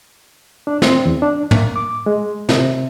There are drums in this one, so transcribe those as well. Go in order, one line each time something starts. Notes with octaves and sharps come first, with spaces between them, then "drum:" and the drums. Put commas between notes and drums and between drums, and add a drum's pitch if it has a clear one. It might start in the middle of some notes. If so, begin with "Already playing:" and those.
D4
C4, drum: snare
E2
D4
A#3, drum: tom
D6
G#3
C3, drum: snare